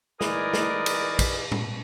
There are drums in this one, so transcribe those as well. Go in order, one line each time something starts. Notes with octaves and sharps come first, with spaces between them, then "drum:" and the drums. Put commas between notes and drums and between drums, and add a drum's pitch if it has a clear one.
E3 D#4 G#4 A#4 D5, drum: snare
drum: snare
drum: cymbal
drum: kick, cymbal
drum: tom A2